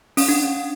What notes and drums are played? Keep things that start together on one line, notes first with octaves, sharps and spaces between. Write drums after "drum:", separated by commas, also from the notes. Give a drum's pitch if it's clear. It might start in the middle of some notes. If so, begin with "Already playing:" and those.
C#4, drum: open hi-hat
D4